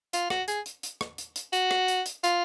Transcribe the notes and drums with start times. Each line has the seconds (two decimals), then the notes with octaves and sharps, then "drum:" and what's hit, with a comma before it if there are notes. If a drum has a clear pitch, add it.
0.13 F4, drum: hi-hat
0.30 F#4, drum: rim click
0.48 G#4, drum: hi-hat
0.66 drum: hi-hat
0.83 drum: hi-hat
1.01 drum: rim click
1.18 drum: hi-hat
1.36 drum: hi-hat
1.53 F#4, drum: hi-hat
1.71 drum: rim click
1.88 drum: hi-hat
2.06 drum: hi-hat
2.24 F4, drum: hi-hat